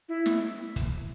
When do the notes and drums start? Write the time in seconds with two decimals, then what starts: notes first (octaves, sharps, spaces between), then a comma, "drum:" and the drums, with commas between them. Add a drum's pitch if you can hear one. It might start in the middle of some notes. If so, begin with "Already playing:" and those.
0.09 E4
0.26 drum: snare
0.76 drum: kick, hi-hat